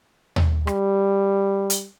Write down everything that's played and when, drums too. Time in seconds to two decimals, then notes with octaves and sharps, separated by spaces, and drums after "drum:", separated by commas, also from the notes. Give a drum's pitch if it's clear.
0.36 drum: tom D#2
0.67 G3, drum: rim click
1.70 drum: hi-hat